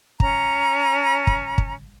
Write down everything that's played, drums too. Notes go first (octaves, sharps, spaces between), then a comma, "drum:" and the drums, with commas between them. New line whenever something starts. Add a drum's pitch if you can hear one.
C#4 A#5, drum: kick
drum: kick
drum: kick